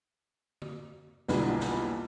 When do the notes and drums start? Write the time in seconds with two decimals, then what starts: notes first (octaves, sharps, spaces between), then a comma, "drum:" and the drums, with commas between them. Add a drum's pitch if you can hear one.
0.62 drum: tom D3
1.28 B1 E2 A#2 D3 E3 G3, drum: snare
1.60 drum: snare